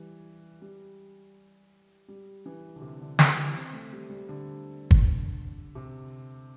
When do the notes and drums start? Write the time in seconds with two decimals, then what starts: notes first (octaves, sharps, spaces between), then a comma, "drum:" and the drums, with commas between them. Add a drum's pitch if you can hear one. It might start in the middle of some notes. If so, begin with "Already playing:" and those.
Already playing: E3 G3
0.62 G3
2.08 G3
2.46 E3
2.76 D3
2.81 C3
3.01 D3
3.19 E3, drum: snare
3.37 G3
3.56 C4
3.73 A3
3.93 G3
4.10 G3
4.29 D3
4.91 drum: kick
5.75 C3